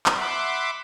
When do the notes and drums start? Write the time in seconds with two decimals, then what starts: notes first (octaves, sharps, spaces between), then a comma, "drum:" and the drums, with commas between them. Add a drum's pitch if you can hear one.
0.06 drum: clap
0.16 E5 F#5 B5 C6 D6